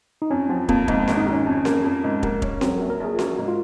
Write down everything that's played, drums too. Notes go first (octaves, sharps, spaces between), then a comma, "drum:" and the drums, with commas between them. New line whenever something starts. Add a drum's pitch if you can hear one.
D#4
F2 C#4
F3 C4
F2 A#3, drum: kick
G#2 A#3, drum: kick
C4
G#1, drum: snare C#4
D#4
D#3
C#4
F2
A#3, drum: snare C#4
F2
G#2
A#3, drum: kick
C#4, drum: kick
F#3 C4, drum: snare C#4
A#1 A#4
A#4
A#1 G#4
F4
A#3 F#4, drum: snare C#4
G#2
F4